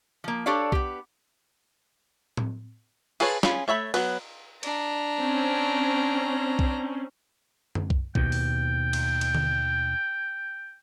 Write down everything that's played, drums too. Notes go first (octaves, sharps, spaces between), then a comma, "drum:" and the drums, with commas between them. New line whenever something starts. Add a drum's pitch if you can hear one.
F3 A#3
D4 G4 A4 C#5 D5 F5
B3 G4, drum: kick B1
drum: tom A2
F4 G#4 A4 B4 C#5, drum: cymbal
C#4 F4 G#4 B5, drum: snare
A3 C#5 E5 B5
F#3 B3 B4, drum: cymbal
D4 A#5, drum: cymbal
C4 C#4
drum: kick B1
drum: tom F#2
drum: kick B1
D#2 B2 G5, drum: kick B1
drum: open hi-hat
drum: cymbal
drum: cymbal
drum: tom D3